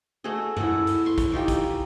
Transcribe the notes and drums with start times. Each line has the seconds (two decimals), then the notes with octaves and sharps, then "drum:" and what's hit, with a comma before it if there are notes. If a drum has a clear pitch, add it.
0.24 A3 F#4 G#4 D#5
0.57 E4 A4 D#5 F#5, drum: tom F#2
0.87 drum: hi-hat
1.06 C6 C#6
1.18 drum: kick A1, hi-hat
1.32 E3 D#4 F4 G4
1.48 drum: kick A1, hi-hat